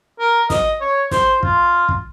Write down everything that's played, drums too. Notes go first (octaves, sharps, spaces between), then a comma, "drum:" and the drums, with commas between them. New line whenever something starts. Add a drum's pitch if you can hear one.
A#4
D#5, drum: snare
C#5
C5, drum: snare
F4, drum: kick
drum: kick